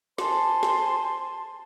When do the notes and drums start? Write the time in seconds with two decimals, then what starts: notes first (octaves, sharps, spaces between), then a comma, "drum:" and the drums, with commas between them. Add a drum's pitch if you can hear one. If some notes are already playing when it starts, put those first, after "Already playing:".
0.18 C5 G#5 A5 C6, drum: snare
0.63 drum: snare